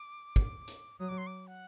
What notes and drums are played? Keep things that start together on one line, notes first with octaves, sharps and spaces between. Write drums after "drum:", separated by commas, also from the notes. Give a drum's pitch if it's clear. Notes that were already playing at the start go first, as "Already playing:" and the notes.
Already playing: D6
drum: kick
drum: hi-hat
F#3 D#6
D6
C6
D6
F#5